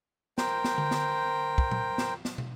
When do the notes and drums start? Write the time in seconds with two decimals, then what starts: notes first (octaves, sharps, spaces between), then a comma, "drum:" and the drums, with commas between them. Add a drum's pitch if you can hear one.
0.38 A#4 C5 G5, drum: snare
0.64 drum: snare
0.78 drum: tom D3
0.91 drum: snare
1.58 drum: kick
1.71 drum: tom A#2
1.98 drum: snare
2.25 drum: snare
2.38 drum: tom